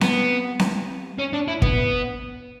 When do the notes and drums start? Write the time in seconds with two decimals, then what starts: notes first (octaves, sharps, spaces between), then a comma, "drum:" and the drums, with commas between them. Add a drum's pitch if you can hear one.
0.01 B3, drum: snare C4
0.59 drum: snare C4
1.19 C#4
1.33 D4
1.48 E4
1.62 B3, drum: kick